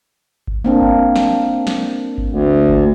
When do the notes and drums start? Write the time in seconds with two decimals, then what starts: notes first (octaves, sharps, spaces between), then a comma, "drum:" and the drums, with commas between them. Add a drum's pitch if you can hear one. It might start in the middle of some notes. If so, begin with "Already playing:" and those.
0.47 drum: kick G1
0.64 A#3 C4 D4
0.82 drum: kick G1
1.16 drum: snare
1.67 drum: snare
2.18 drum: kick G1
2.29 D2
2.69 drum: kick G1